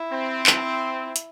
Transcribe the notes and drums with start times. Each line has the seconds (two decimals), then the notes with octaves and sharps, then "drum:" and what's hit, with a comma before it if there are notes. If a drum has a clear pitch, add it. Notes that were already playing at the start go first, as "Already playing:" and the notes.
Already playing: E4
0.12 C4
0.46 E4, drum: clap
1.16 drum: hi-hat